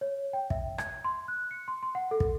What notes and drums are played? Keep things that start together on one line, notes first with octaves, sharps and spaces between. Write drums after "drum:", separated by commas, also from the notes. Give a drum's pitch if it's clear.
C#5
G5
E5, drum: kick
G#6, drum: rim click
C6
F#6
C#7
C6
C6
F#5
A4
drum: kick